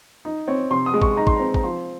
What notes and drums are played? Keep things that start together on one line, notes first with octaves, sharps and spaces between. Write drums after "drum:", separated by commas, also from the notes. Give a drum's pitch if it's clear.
D#4
C4 C#5
C3 C6
D#6
G#3
C#6, drum: kick
D#4 A#5
C6, drum: kick
C4 A#5
A#5, drum: kick
F3 C6